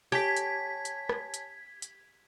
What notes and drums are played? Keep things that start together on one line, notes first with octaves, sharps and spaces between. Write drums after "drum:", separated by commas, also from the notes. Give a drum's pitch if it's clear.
G4 C#5 G#5 A5 G#6 B6
drum: hi-hat
drum: hi-hat
drum: rim click
drum: hi-hat
drum: hi-hat